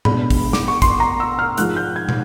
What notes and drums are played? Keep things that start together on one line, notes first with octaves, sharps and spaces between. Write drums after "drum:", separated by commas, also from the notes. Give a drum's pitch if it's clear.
B2 G#3 B3 D4 B5, drum: tom G#2
drum: kick, open hi-hat
D6, drum: snare
C#6
C6, drum: kick, hi-hat
A#5
E6
F6
G#2 F3 G#3 F#6, drum: hi-hat
G6
G#6
drum: tom